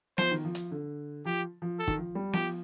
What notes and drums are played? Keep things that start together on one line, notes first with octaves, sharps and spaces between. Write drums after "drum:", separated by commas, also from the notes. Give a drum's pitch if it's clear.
F3 C5, drum: snare B3
D#3
F3
drum: hi-hat
D3
F3 G4
F3
A4
D#3, drum: kick
F3
G3
F3 G4, drum: snare B3